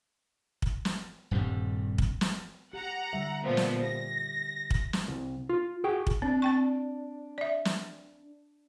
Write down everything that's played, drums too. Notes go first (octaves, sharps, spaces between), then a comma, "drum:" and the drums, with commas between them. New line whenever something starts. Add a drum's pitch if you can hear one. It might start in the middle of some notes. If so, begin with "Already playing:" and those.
drum: kick
drum: snare
D#1 G2 C3 G3
drum: kick
drum: snare
G4 F#5 A#5
D3 G3 E5
A#2 F3 B3
drum: snare
G4 A#6
drum: kick
drum: snare
C2
F4
F#4 G#4 G5
drum: kick
C4 D4
C4 G5 C#6
D5 E5
drum: snare